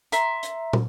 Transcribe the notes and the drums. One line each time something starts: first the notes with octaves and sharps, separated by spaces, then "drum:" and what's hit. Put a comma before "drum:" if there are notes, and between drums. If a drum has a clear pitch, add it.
E5 A#5 C6, drum: hi-hat
drum: hi-hat
drum: tom